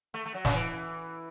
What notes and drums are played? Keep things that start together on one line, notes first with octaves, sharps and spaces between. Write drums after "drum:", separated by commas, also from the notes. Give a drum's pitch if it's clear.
A3
A3
F#3
C#3, drum: snare
E3